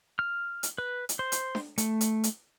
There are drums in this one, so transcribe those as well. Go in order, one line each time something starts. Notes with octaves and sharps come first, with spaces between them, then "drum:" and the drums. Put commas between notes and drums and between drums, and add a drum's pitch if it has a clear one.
F6
drum: hi-hat
B4
drum: hi-hat
C5
drum: hi-hat
drum: snare D4
A3, drum: hi-hat
drum: hi-hat
drum: hi-hat